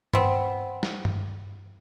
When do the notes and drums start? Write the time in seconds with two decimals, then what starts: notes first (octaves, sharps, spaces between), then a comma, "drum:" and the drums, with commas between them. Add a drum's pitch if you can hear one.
0.13 B3 C4, drum: tom G2
0.83 drum: snare
1.05 drum: tom G2